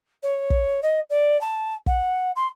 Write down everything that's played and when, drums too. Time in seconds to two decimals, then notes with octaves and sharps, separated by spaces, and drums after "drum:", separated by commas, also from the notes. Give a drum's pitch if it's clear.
0.22 C#5
0.50 drum: kick
0.82 D#5
1.09 D5
1.40 A5
1.86 F#5, drum: kick
2.35 C6